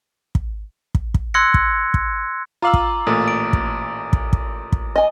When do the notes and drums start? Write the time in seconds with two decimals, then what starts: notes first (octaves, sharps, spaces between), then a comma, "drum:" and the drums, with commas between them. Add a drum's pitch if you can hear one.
0.35 drum: kick
0.95 drum: kick
1.14 drum: kick
1.34 C6 E6 F#6 G#6 A#6 C#7
1.54 drum: kick
1.94 drum: kick
2.62 F4 F5 A#5 D6 E6 F#7
2.74 drum: kick
3.07 A1 A#2 A3 D#6 A6
3.28 D7
3.53 drum: kick
4.13 drum: kick
4.33 drum: kick
4.72 drum: kick
4.96 D#5 G#5